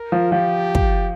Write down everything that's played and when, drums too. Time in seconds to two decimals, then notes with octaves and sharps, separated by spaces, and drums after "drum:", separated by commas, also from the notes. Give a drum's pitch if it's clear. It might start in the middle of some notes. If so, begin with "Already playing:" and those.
Already playing: A#4
0.12 F3
0.32 F3 G4
0.75 drum: kick